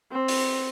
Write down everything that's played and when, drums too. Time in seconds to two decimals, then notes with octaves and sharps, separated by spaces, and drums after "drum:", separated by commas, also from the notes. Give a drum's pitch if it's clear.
0.12 C4
0.28 drum: open hi-hat